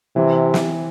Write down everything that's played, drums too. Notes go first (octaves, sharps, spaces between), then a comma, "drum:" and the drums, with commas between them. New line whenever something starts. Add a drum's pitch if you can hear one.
C3 E3
drum: snare